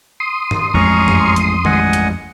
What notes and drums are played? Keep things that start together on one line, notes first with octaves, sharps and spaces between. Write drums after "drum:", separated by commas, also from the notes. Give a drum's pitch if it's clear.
C6 D#6
drum: tom
A1 F2 G#3 C#4 A#5 C#6
drum: tom F#2
drum: hi-hat
A1 G2 G#3 D#5 F#5 G#5, drum: tom D#3
drum: hi-hat